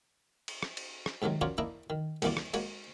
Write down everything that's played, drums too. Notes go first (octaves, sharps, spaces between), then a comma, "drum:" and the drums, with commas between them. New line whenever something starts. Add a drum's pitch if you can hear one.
drum: cymbal
drum: rim click
drum: cymbal
drum: rim click
G#2 C3 D#3 F#3 G#3
C#4 F4 F#4 A#4 C#5 D5
A#3 D4 E4 D#5 A#5
D#3
C2 A#2 E3 F#4 D5, drum: cymbal
drum: rim click
G#3 A#3 F#4 C#5, drum: cymbal